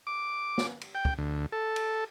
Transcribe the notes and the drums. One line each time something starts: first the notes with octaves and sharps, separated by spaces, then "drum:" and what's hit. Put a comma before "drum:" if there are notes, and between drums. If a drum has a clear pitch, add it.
D6
drum: snare
drum: cymbal
G5
drum: kick
D2
A4
drum: cymbal